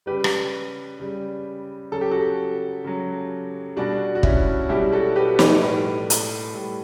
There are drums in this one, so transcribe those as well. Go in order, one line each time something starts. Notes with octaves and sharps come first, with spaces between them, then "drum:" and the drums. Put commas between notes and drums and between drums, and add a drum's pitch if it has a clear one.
C#3 G3 G4 B4
drum: rim click
C#3 G3
C#3 F#3 A4
G4
F#4 A4
C#3 F#3
B2 G3 D4 F#4
F#4
C#4 E4, drum: kick
B2 G3 E4 G4
F#4 A4
G4 B4
B4 D5, drum: snare
A2 G3
drum: hi-hat
A2 G3